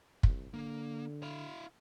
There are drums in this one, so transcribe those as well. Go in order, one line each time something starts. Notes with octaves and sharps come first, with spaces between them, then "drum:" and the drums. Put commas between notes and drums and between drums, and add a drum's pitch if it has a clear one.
C2, drum: kick
D3 A#3
E4 F5